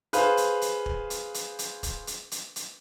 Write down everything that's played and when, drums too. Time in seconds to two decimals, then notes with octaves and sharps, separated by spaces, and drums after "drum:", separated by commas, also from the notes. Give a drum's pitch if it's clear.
0.13 G#4 B4 C5 F5, drum: hi-hat
0.37 drum: hi-hat
0.62 drum: hi-hat
0.86 drum: kick
1.10 drum: hi-hat
1.34 drum: hi-hat
1.59 drum: hi-hat
1.83 drum: kick, hi-hat
2.07 drum: hi-hat
2.32 drum: hi-hat
2.56 drum: hi-hat